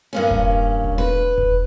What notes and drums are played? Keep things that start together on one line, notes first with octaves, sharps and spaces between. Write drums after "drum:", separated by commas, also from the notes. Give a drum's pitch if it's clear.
G2 A#3 C#4
drum: kick E1
drum: kick E1
B4
drum: kick E1